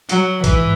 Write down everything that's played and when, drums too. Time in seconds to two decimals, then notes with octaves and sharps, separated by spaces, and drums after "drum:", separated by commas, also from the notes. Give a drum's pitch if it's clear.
0.09 F#3, drum: hi-hat
0.44 G#2 E3, drum: kick, hi-hat